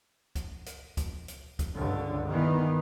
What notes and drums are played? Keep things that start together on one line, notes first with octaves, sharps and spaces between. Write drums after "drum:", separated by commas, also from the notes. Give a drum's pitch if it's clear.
drum: kick C#2, hi-hat
drum: hi-hat
drum: kick C#2, hi-hat
drum: hi-hat
drum: kick C#2, hi-hat
C#2 G2 D3
D#3 E3 B3